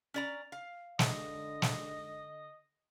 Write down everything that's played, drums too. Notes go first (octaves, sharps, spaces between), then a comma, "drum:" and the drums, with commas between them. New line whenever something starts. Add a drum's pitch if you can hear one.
C#4 D5 A#5
F5
D3 D#5, drum: snare
drum: snare